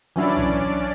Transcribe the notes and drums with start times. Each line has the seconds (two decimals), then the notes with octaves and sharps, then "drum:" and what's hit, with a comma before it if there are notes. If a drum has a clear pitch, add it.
0.16 E3 F#3 C#4 D4 E4 D5
0.36 drum: tom